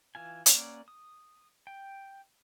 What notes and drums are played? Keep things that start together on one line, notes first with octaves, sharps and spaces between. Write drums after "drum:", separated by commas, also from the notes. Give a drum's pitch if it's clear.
E3 F4 G#5
A#3 C#4 D5 F#5, drum: hi-hat
D#6
G5